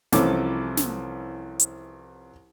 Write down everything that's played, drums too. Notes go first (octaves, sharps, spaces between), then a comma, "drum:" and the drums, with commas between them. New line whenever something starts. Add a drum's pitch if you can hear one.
C2 E3 F3 C#4 A4 D6, drum: snare
drum: snare
drum: hi-hat